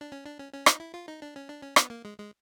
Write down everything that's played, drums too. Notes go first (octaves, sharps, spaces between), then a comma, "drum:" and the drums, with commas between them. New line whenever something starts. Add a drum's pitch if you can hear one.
D4
C#4
D4
C#4
C#4
D#4, drum: rim click
E4
F4
D#4
D4
C#4
D4
C#4
B3, drum: rim click
A#3
G#3
G#3